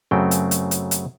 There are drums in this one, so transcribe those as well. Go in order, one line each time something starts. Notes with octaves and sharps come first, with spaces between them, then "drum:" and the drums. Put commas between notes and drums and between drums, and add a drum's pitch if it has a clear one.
F#2 C#3 F#3 A3 C4 G5
drum: hi-hat
drum: hi-hat
drum: hi-hat
drum: hi-hat